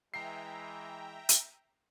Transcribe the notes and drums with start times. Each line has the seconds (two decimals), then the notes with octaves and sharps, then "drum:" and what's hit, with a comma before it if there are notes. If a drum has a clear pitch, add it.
0.14 E3 G#3 E5 G5 A#5 C7
1.29 drum: hi-hat